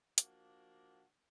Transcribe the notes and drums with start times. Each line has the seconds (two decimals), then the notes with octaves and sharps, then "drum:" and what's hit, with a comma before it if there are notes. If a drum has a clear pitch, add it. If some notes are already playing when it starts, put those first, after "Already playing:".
0.18 F3 A#3 D4 F#4, drum: hi-hat